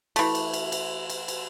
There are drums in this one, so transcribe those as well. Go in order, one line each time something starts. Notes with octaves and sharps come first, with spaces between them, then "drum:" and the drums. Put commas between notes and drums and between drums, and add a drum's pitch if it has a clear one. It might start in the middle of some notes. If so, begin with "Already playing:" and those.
E3 A3, drum: cymbal
drum: cymbal
drum: cymbal
drum: cymbal
drum: cymbal
drum: cymbal